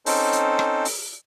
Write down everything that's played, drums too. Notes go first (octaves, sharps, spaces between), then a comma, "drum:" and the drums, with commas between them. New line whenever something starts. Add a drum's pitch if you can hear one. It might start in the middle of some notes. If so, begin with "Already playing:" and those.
C4 C#4 D#4 A4 C5, drum: open hi-hat
drum: hi-hat
drum: rim click
drum: open hi-hat